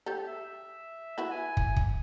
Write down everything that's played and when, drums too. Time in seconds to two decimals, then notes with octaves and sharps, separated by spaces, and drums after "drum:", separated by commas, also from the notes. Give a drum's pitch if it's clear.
0.06 G4 A4
0.27 E5
1.18 E4 F#4 B4
1.31 G#5
1.57 drum: kick
1.76 drum: kick